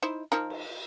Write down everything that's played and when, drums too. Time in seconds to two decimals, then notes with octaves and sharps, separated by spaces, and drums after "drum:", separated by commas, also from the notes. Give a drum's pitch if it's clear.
0.03 D#4 E4 C5
0.32 F3 D#4 A#4
0.50 drum: cymbal